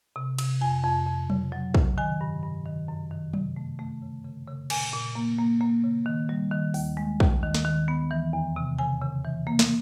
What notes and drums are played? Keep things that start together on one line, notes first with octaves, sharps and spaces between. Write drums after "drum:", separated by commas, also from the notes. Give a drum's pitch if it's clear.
C3
C3, drum: cymbal
F2 G#5
F2
F2
C#3, drum: tom F#3
F#3
C#3, drum: kick
D#3 G#5
G2
G2
D#3
F#2
D#3
C3, drum: tom F#3
A3
A3
C#3
C#3
C#3
A#2 G#5, drum: cymbal
A#2
A#3
A#3
A#3
C#3
D#3
G3
D#3
D#2, drum: open hi-hat
G#3
D#2, drum: kick
D#3
drum: snare
D#3
B3
E3
E2
C3
C#3 G#5
C#3
E3
A#3
drum: snare